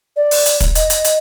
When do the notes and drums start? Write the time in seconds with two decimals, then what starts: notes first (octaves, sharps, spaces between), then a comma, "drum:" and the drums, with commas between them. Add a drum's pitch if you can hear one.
0.16 D5
0.31 drum: open hi-hat
0.46 drum: hi-hat
0.61 drum: kick, hi-hat
0.75 D#5, drum: hi-hat
0.90 drum: hi-hat
1.05 drum: hi-hat